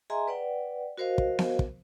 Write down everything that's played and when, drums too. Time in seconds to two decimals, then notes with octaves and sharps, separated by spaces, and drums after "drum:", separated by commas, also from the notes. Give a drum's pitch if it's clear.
0.10 G#4 D#5 E5 G#5 A#5 C6
0.27 B4 D5 F#5 G5
0.98 F#4 A#4 C5 D#5 F5
1.18 drum: kick
1.39 drum: snare B3
1.59 drum: kick